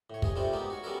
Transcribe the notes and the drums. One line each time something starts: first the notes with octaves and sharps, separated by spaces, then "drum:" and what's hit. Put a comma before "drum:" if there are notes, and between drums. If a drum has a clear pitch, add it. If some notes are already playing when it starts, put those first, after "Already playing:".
A2 C#5
G2 G#4 D#5, drum: kick
C3 G3 A3 D4 F4 C5
G#3 A#3 B3 D#4 G4
F#4 C#5
G3 B3 C#4 F#4 A4 A#4